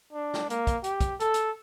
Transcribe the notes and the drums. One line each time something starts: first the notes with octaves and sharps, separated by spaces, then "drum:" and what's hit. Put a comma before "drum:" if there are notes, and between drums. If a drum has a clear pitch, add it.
D4
drum: snare
A#3, drum: hi-hat
drum: kick, hi-hat
G4, drum: hi-hat
drum: kick, hi-hat
A4, drum: hi-hat
drum: hi-hat